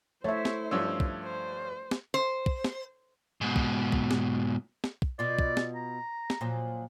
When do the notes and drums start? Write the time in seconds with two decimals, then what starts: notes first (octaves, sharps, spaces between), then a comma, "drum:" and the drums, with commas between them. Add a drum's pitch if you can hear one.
0.24 A3 E4 C5 C#5 E5
0.45 drum: snare
0.71 G2 F3 C#4 E6
1.00 drum: kick
1.24 C5
1.91 drum: snare
2.14 C5
2.46 drum: kick
2.64 drum: snare
3.41 G#2 B2
3.56 drum: kick
3.92 drum: kick
4.11 drum: snare
4.84 drum: snare
5.02 drum: kick
5.19 B2 F4 D5
5.39 drum: kick
5.57 drum: snare
5.75 A#5
6.30 drum: snare
6.41 A#2 F3 F#3